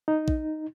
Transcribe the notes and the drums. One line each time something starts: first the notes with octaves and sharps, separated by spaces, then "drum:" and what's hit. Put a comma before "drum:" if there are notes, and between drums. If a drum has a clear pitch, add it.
D#4
drum: kick A#1